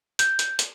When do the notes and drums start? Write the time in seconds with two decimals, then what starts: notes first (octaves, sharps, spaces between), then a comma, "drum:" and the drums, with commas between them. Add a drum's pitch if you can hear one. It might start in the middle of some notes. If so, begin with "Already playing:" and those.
0.19 G6, drum: hi-hat
0.39 drum: hi-hat
0.59 drum: hi-hat